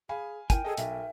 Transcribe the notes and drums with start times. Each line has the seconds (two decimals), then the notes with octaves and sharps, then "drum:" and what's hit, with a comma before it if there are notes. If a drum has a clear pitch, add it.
0.09 G#4 F5 G#5 B5
0.50 E4 A#4 G5 G#5, drum: kick, hi-hat
0.65 G#4 A4 D#5
0.77 B1 E5, drum: hi-hat